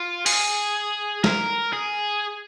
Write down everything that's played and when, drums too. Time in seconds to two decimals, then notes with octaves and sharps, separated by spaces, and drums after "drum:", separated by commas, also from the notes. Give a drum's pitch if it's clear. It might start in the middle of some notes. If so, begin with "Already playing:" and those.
Already playing: F4
0.26 G#4, drum: open hi-hat
1.24 A#4, drum: snare
1.73 G#4